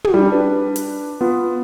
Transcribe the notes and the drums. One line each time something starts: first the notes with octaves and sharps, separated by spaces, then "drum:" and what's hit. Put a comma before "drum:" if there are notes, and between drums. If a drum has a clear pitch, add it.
drum: tom
G3
D4 B4
drum: hi-hat
B3 F4